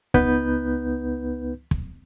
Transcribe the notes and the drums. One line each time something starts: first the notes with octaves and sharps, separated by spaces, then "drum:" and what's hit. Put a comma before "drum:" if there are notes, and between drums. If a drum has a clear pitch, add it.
C#2 B3 D#4 B4 G6, drum: kick
drum: kick